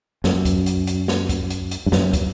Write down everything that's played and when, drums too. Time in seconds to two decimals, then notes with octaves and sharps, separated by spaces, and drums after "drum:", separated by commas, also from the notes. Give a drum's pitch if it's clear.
0.24 F#2, drum: snare
0.45 drum: kick, hi-hat
0.66 drum: hi-hat
0.87 drum: hi-hat
1.08 drum: snare
1.29 drum: kick, hi-hat
1.50 drum: hi-hat
1.71 drum: hi-hat
1.86 G2
1.92 F#2, drum: snare
2.13 drum: kick, hi-hat